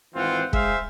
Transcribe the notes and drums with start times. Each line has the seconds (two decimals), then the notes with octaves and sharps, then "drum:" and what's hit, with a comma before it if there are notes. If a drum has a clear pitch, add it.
0.15 G#1 E3 C4 F4 F#5
0.53 G#3 G#4 C5 E5 F5, drum: kick